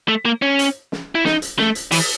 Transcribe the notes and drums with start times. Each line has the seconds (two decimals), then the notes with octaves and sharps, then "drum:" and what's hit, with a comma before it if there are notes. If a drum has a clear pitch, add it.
0.09 A3
0.26 A#3
0.42 C#4
0.59 drum: hi-hat
0.92 drum: snare
1.15 E4
1.25 D#4, drum: snare
1.42 drum: hi-hat
1.59 A3, drum: snare
1.75 drum: hi-hat
1.92 E3, drum: open hi-hat